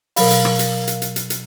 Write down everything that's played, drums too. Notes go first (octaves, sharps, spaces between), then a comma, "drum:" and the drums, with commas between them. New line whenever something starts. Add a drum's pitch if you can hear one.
B2 F#3 A#4 F5 B5, drum: open hi-hat
drum: hi-hat
drum: rim click
drum: hi-hat
drum: hi-hat
drum: hi-hat
drum: hi-hat
drum: hi-hat